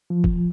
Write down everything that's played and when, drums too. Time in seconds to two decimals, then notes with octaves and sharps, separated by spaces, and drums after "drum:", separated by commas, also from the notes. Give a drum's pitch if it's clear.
0.10 F3
0.24 drum: kick